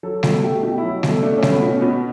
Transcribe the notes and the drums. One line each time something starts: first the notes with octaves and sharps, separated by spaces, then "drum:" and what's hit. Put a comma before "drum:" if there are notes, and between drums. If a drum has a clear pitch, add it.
F#3 A4
B2 A4, drum: snare G3
A3 G4
B2 G4
E4
F#3
B2, drum: snare G3
A4
A3 D4
C#4
A3, drum: snare G3
B3
B2
C#4
B2 B3